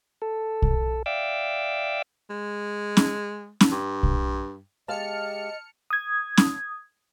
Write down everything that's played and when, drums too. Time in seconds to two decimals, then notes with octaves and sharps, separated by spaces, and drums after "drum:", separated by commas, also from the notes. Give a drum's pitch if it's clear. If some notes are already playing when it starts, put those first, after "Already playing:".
0.22 A4
0.62 drum: kick
1.06 D5 E5 F5 G5 D6 E6
2.30 G#3
2.97 drum: snare C#4
3.61 drum: snare C#4
3.72 G2
4.03 drum: kick
4.88 G#3 G4 D#5 F5 A5 F6 C#7
5.90 D#6 G#6
6.37 drum: snare C#4